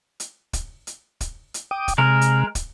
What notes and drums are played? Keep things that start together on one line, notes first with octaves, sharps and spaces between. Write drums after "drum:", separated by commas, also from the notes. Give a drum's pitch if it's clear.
drum: hi-hat
drum: kick, hi-hat
drum: hi-hat
drum: kick, hi-hat
drum: hi-hat
G5 D6 D#6
drum: kick, hi-hat
C3 G#3 A#4
drum: hi-hat
drum: kick, hi-hat